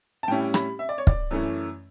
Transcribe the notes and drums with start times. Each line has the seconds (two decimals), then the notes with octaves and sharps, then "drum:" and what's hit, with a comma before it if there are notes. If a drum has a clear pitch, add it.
0.23 A5
0.28 A2 G3 C#4 E4 G5
0.54 B5, drum: rim click
0.79 E5
0.89 D5
0.98 C#5
1.07 D5, drum: kick
1.31 F#2 E3 A3 C#4 E4